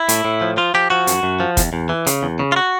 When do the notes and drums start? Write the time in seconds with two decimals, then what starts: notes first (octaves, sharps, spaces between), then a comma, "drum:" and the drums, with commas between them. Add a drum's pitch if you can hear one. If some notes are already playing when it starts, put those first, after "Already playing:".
Already playing: E4
0.09 A2, drum: hi-hat
0.25 A2
0.41 F3
0.57 F3 F4
0.74 F3 G4
0.90 F3 F#4
1.07 F#2, drum: hi-hat
1.23 F#2
1.40 F3
1.57 E2, drum: kick, hi-hat
1.73 E2
1.89 E3
2.07 C#3, drum: hi-hat
2.23 E2
2.39 C#3
2.52 F4
2.56 F#4